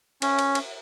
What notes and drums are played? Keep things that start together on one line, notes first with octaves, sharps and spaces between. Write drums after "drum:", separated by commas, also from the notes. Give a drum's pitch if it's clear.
C#4, drum: cymbal
drum: cymbal
drum: cymbal